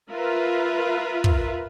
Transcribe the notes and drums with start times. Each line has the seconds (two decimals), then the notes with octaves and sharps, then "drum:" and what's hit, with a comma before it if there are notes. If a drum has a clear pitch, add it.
0.12 F4 A#4 B4 E5
1.24 drum: kick